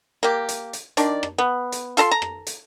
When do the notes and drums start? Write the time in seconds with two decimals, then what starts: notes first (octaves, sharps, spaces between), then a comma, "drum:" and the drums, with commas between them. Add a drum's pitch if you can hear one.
0.23 A#3 G4
0.49 drum: hi-hat
0.73 drum: hi-hat
0.97 D#3 D4 D5, drum: hi-hat
1.23 drum: rim click
1.38 B3
1.72 drum: hi-hat
1.97 F4 A4 A#5 C6, drum: hi-hat
2.11 A#5
2.22 drum: rim click
2.47 drum: hi-hat